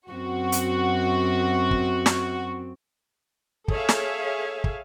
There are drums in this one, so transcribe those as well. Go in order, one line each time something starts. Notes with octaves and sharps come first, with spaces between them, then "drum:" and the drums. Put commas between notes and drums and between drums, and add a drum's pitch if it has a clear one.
F#2 C4 F#4
drum: hi-hat
drum: kick
drum: snare
G#4 A4 C#5 E5 F5 G#5, drum: kick
drum: snare
drum: kick